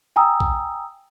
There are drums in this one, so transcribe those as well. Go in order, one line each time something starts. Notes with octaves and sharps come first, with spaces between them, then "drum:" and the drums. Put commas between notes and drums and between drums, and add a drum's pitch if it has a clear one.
G5 G#5 A#5 D#6 E6
drum: kick